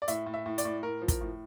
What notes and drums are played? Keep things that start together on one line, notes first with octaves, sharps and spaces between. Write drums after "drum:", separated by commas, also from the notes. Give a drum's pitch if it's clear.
D5
A2 E5, drum: hi-hat
A2
E5
A2
D5, drum: hi-hat
A2
A2 A#4
F3
A#4, drum: kick, hi-hat
A2